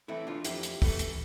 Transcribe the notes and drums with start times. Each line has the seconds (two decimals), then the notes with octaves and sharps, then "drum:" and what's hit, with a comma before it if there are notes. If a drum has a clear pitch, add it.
0.08 E3 A3 C4 E4
0.27 D4 F4
0.44 F2 E4 G4, drum: hi-hat
0.63 drum: hi-hat
0.82 E3 A3, drum: kick, open hi-hat
0.99 drum: hi-hat